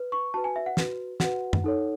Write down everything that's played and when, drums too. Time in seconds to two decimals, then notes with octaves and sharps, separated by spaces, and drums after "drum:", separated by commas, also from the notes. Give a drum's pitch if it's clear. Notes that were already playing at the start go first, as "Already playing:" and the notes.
Already playing: B4
0.12 C#6
0.34 F#4 B4 A5
0.44 G#5
0.56 E5
0.66 F#5
0.77 F#4 B4, drum: snare
1.20 F#4 B4 F#5, drum: snare
1.53 drum: tom F#2
1.64 D#4 A4 C#5